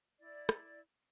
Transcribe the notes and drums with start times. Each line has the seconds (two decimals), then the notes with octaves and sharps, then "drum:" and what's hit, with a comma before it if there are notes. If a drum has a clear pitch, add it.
0.19 E4 D5
0.49 drum: rim click